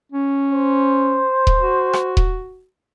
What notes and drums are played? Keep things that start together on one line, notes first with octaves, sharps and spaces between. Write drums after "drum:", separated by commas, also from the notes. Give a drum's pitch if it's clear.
C#4
C5
drum: kick D#1
F#4
drum: rim click
drum: kick D#1